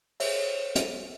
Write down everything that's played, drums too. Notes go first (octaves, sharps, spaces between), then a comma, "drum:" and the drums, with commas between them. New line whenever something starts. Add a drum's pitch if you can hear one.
C5 C#5 E5, drum: open hi-hat
drum: hi-hat